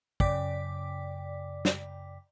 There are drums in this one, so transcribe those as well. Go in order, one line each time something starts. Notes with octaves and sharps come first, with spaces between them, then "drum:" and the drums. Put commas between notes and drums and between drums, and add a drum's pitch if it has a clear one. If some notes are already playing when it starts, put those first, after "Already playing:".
F#2 C#3 D5 G5 D6 B6, drum: kick
drum: snare